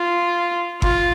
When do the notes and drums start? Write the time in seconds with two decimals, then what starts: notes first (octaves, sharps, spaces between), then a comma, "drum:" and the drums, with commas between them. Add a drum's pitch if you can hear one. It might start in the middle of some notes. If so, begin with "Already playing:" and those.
Already playing: F4
0.82 F4, drum: kick G1